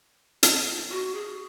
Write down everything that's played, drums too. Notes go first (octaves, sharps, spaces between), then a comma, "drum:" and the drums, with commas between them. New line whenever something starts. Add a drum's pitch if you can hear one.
drum: hi-hat
F#4
G#4